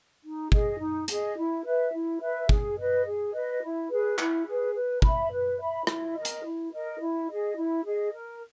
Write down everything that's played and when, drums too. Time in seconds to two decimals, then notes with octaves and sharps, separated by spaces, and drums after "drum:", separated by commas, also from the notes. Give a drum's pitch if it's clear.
0.23 D#4
0.52 G#4 D#5, drum: kick
0.79 D#4
1.08 G#4 D#5, drum: hi-hat
1.37 E4
1.65 B4 E5
1.93 E4
2.21 B4 E5
2.49 G#4, drum: kick
2.77 B4 D#5
3.06 G#4
3.34 B4 D#5
3.62 E4
3.90 G#4 B4
4.18 E4, drum: clap
4.46 G#4 B4
4.75 B4
5.02 B5, drum: kick
5.07 E5
5.31 B4
5.59 E5 B5
5.87 E4, drum: rim click
6.15 A#4 D#5
6.25 drum: hi-hat
6.44 E4
6.72 A#4 D#5
7.00 E4
7.28 G#4 D#5
7.56 E4
7.84 G#4 D#5
8.13 A#4